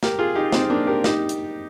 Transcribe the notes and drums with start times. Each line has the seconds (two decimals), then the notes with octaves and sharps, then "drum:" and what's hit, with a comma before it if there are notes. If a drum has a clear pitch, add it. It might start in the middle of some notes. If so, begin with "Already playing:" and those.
0.03 G4 A#4, drum: snare
0.19 F4 G#4
0.35 D#4 G4
0.52 C4 D#4, drum: snare
0.70 A#3 D4
0.87 G4 A#4
1.04 D#4 G4, drum: snare
1.29 drum: hi-hat